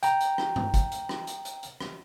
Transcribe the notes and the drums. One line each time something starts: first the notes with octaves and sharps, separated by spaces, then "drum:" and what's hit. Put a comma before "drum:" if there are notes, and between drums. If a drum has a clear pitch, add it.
G5 A#5, drum: hi-hat
drum: hi-hat
drum: rim click
drum: tom G2
drum: kick, hi-hat
drum: hi-hat
drum: rim click
drum: hi-hat
drum: hi-hat
drum: hi-hat
drum: rim click